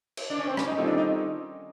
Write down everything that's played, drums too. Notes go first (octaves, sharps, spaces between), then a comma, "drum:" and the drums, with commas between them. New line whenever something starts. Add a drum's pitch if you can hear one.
drum: cymbal
D4
C#4
C4
C#4, drum: rim click
D#4
D#3 G3 C4 C#4 F4 A4
D4
D#4